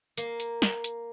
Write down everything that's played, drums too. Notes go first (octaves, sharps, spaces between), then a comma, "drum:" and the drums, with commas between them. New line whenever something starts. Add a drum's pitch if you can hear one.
A#3, drum: hi-hat
drum: hi-hat
drum: snare
drum: hi-hat